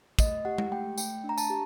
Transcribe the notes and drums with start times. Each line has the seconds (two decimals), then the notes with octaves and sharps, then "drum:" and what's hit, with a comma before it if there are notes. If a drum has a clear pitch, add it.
0.19 A3 D#5, drum: kick, tambourine
0.45 G4 F#5
0.58 drum: tom G#3
0.72 A3 G5
0.98 A3 G5, drum: tambourine
1.24 D4
1.29 A#5
1.38 A5, drum: tambourine
1.50 G4